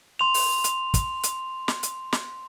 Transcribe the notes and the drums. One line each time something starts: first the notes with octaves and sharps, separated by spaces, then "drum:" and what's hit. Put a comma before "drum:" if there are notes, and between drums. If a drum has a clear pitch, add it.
C6 F7
drum: open hi-hat
drum: hi-hat
drum: kick, hi-hat
drum: hi-hat
drum: snare
drum: hi-hat
drum: snare